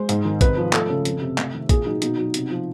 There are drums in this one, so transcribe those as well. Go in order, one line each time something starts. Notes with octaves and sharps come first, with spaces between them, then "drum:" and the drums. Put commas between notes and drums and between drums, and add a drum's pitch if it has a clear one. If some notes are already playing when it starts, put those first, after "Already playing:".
Already playing: G#3 C5
G#2, drum: hi-hat
D#3
C3 B4, drum: kick, hi-hat
F3
A3 A4, drum: clap
C#3 A4
F2, drum: hi-hat
C3
A3, drum: clap
D#3
A#2 G#4, drum: kick, hi-hat
F#3 D#4
B2 D#4, drum: hi-hat
F#3
C3, drum: hi-hat
F3